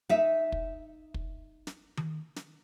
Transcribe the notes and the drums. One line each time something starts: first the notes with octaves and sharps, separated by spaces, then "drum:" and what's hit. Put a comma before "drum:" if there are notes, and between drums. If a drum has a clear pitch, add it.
D#4 E5
drum: kick
drum: kick
drum: snare
drum: tom D#3
drum: snare